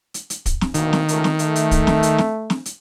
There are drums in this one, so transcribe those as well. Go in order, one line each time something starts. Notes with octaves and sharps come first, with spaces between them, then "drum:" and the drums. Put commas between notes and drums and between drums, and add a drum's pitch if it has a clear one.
drum: hi-hat
drum: hi-hat
drum: kick, hi-hat
drum: snare
D2 B2 D#3 A#3, drum: hi-hat
drum: snare
C#2 A3 A#4, drum: hi-hat
drum: snare
A3, drum: hi-hat
drum: hi-hat
drum: kick, hi-hat
drum: snare
drum: hi-hat
drum: snare
drum: snare
drum: hi-hat